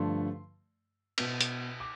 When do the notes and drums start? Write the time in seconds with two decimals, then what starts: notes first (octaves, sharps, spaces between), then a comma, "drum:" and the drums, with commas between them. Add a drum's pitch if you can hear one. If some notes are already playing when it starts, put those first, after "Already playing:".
Already playing: G2 D3 F3 A3 C6
1.18 B2 B3, drum: cymbal
1.41 drum: hi-hat
1.80 D6